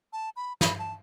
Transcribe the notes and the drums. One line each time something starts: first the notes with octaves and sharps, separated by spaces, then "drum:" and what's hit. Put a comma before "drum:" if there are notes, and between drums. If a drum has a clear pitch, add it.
A5
B5
B5, drum: snare
A5